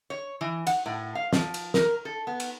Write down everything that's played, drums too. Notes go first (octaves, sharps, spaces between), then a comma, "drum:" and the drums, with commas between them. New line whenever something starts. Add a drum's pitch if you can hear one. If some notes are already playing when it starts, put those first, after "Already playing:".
C#5
E3
F#5, drum: cymbal
A2
F5
F3, drum: snare
drum: cymbal
A#4, drum: snare
A4
B3
drum: cymbal